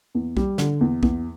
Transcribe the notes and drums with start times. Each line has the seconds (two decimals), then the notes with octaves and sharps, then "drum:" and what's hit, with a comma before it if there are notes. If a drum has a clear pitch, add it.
0.15 E2
0.37 G3, drum: kick B1
0.58 D3, drum: snare
0.81 E2
1.03 E2, drum: kick B1